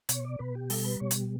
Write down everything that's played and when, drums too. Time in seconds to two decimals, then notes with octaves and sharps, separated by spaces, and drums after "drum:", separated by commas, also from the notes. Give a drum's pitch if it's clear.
0.09 B2 C#5, drum: hi-hat
0.25 D5
0.39 B2 B4
0.55 G4
0.70 G3 A4, drum: open hi-hat
0.85 B4
1.00 B2 C#5
1.11 drum: hi-hat